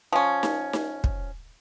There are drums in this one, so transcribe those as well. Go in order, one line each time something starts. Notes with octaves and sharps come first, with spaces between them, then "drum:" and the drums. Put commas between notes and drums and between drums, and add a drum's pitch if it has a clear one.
F3 C#4
drum: snare D#4
drum: snare D#4
drum: kick